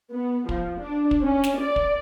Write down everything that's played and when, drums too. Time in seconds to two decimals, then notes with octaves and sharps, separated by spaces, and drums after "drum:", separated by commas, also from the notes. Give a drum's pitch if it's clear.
0.12 B3
0.49 F3, drum: kick
0.82 D4
1.11 drum: kick
1.22 C#4
1.44 drum: snare
1.60 D5
1.76 drum: kick